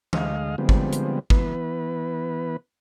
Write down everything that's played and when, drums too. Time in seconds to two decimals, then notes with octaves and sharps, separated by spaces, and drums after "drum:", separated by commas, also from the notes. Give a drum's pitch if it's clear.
0.13 D2 G#3 D#5 F5, drum: tom E3
0.58 D3 F3 G3 G#3 B3 C4
0.69 drum: kick G#1
0.93 drum: hi-hat
1.30 E3 B3 B4, drum: kick G#1